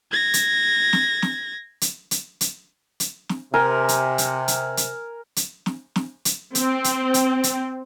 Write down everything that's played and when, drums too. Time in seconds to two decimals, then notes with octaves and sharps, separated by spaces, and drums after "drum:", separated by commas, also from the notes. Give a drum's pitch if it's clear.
0.11 G#6 A#6
0.34 drum: hi-hat
0.93 drum: snare
1.22 drum: snare
1.81 drum: hi-hat
2.11 drum: hi-hat
2.41 drum: hi-hat
3.00 drum: hi-hat
3.29 drum: snare
3.54 C3 A#4 G#5
3.89 drum: hi-hat
4.18 drum: hi-hat
4.48 drum: hi-hat
4.77 drum: hi-hat
5.36 drum: hi-hat
5.66 drum: snare
5.96 drum: snare
6.25 drum: hi-hat
6.55 C4, drum: hi-hat
6.84 drum: hi-hat
7.14 drum: hi-hat
7.44 drum: hi-hat